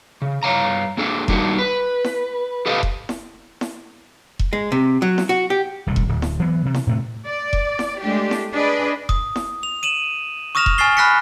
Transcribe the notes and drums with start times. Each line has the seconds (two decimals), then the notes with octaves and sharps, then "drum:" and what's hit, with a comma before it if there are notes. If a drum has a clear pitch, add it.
0.22 C#3
0.43 G2 C#5 F5 A#5
0.97 A#3 D4 G#4 A4
1.28 G3 A#3 D4 D#4 F#4, drum: kick E1
1.58 B4
2.04 drum: snare E4
2.66 G4 A4 B4 D#5 F5
2.83 drum: kick E1
3.09 drum: snare E4
3.61 drum: snare E4
4.39 drum: kick E1
4.53 G#3
4.72 C3
5.02 F#3
5.18 drum: snare E4
5.29 F#4
5.50 G4
5.87 D#1 C2 A2
5.96 drum: kick E1
6.08 D1
6.22 drum: snare E4
6.39 E3 F#3 B3
6.65 C3
6.74 drum: snare E4
6.87 A2 C3 A3
7.27 D5
7.53 drum: kick E1
7.79 drum: snare E4
8.00 G#3 A3 D4 G4
8.31 drum: snare E4
8.53 D4 G#4 B4 D5 D#5
9.09 D#6, drum: kick E1
9.36 drum: snare E4
9.63 F7
9.83 D#7 E7 F#7
10.55 C#6 D#6 F6 A#6 E7 F7
10.66 drum: kick E1
10.78 G#5 C#6 F6 A6 C7 G7
10.97 B5 F6 F#6 A#6 B6 C#7